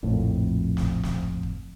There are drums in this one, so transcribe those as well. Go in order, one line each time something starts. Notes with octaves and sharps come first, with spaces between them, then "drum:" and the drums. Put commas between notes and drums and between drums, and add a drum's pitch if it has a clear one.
A#1 F2 A2
drum: snare
drum: snare
drum: kick
drum: kick